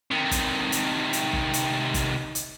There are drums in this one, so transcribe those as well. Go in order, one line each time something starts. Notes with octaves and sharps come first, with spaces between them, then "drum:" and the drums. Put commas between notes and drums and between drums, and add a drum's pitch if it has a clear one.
C3 D#3
drum: kick, hi-hat
drum: hi-hat
drum: hi-hat
drum: kick
drum: hi-hat
drum: kick, hi-hat
drum: hi-hat